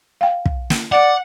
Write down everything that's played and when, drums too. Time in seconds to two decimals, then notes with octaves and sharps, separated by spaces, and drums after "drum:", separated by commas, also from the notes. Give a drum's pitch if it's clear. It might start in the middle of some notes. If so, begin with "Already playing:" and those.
0.21 F5 G5
0.45 drum: kick
0.70 drum: snare
0.92 D5 F#5